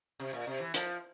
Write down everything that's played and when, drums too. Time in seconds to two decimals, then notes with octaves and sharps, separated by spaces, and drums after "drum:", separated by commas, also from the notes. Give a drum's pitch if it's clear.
0.20 C3
0.33 A#2
0.47 C3
0.60 E3
0.74 F3, drum: hi-hat